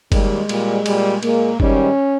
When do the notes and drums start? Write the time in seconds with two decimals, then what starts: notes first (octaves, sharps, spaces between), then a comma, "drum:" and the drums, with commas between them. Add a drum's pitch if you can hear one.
0.12 D#2 D#3 G3 G#3, drum: kick, cymbal
0.49 A#2 G3, drum: cymbal
0.86 A#2 G3, drum: cymbal
1.23 A#2 G#3 A#3, drum: cymbal
1.60 G#2 D#3 G3 C#4, drum: kick